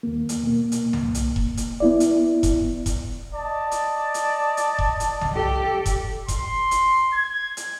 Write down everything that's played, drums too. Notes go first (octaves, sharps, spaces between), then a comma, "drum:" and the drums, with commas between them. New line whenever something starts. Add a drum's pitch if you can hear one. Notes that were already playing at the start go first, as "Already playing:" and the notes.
D#2 A#3
drum: hi-hat
B2 A#3
drum: hi-hat
drum: tom B1
drum: hi-hat
drum: kick E1
drum: hi-hat
B3 E4 D5
drum: hi-hat
drum: kick E1, hi-hat
drum: kick E1, hi-hat
D5 D#5 A5
drum: hi-hat
drum: hi-hat
drum: hi-hat
drum: kick E1
drum: hi-hat
drum: tom B1
G4 A4
drum: kick E1, hi-hat
C6, drum: kick E1, hi-hat
drum: hi-hat
G#6
drum: hi-hat